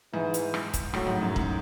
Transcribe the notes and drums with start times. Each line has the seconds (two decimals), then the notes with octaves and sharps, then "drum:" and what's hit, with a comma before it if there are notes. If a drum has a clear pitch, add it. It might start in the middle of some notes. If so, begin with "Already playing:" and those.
0.14 G#2 E3
0.34 drum: hi-hat
0.54 drum: rim click
0.74 drum: kick, hi-hat
0.94 A2 F#3, drum: rim click
1.07 G#2
1.22 F#2
1.36 G#2, drum: kick